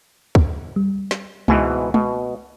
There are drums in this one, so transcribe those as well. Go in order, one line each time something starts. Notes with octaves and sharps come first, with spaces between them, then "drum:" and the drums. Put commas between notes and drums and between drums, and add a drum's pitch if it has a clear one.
drum: kick
G3
drum: snare
C#2 G#2 B2 E3 G#5, drum: tom
B2, drum: tom